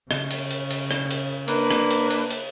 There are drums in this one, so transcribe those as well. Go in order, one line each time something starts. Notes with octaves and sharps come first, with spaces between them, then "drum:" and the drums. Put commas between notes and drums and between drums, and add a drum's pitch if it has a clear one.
C#3, drum: rim click
drum: cymbal
drum: cymbal
drum: cymbal
drum: rim click
drum: cymbal
A#3 D4 B4, drum: cymbal
drum: rim click
drum: cymbal
drum: cymbal
drum: cymbal